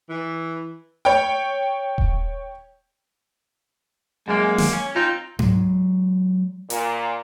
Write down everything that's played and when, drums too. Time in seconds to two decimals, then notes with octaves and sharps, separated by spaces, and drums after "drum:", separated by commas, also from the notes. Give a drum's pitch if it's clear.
0.10 E3
1.05 C#5 G5
1.98 drum: kick D#1
4.28 F#2 G#3 A#3
4.58 drum: snare
4.73 C#4
4.96 C4 D#4 F4
5.39 F#3 G#3, drum: tom G#2
6.70 A#2, drum: hi-hat